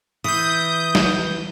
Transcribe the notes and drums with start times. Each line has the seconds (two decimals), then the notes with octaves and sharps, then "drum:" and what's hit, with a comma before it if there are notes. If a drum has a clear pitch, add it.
0.24 E3 D#6 G6
0.95 drum: snare